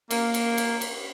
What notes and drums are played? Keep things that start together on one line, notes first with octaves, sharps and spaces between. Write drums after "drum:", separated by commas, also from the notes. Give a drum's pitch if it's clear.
A#3, drum: cymbal
drum: cymbal
drum: cymbal
drum: cymbal